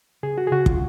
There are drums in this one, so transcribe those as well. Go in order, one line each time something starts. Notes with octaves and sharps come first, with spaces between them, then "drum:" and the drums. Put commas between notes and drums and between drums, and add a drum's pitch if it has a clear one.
C#3 G#4
F#4
G#4
C#3 F#4
F4, drum: kick